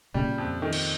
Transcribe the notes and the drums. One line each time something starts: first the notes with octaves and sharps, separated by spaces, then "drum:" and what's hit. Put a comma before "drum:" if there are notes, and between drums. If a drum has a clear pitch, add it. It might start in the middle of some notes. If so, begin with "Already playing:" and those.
A#2 C#3 G3
F2
D#3
drum: cymbal